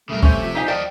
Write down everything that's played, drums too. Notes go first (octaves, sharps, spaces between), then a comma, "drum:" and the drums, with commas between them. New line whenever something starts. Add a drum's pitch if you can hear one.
B1 F2 C#3 G3 A3 A#4
C3 A3 C#4 C5, drum: kick
F3 B3
F3 D#4 G4 E5 F5 G#5
F4 D5 D#5 G5 A5